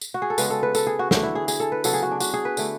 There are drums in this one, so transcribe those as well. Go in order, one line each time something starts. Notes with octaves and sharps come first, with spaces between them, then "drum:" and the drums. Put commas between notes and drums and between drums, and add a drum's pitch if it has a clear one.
drum: tambourine
F#4
G#4
A4
C#3 G#3 B3 B4, drum: tambourine
A4
B4
A4, drum: tambourine
G#4
F#4
D3 A3 F#4, drum: snare
E4
G#4
G#4, drum: tambourine
A4
B4
C#3 F#3 B3 A4, drum: tambourine
G#4
F#4
D4
F#4, drum: tambourine
G#4
B4
D3 A3, drum: tambourine